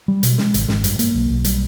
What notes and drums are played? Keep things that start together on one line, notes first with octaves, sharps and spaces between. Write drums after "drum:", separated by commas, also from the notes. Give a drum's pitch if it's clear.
G3
B2, drum: hi-hat
G#3, drum: snare
G#1, drum: hi-hat
G#1, drum: snare
G2, drum: hi-hat
A#3, drum: hi-hat
B1
B1
G3, drum: hi-hat